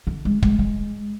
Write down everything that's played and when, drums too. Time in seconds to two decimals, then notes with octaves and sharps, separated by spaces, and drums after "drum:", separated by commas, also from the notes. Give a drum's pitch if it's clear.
0.07 D3
0.25 G#3
0.43 G#3, drum: kick
0.59 G#3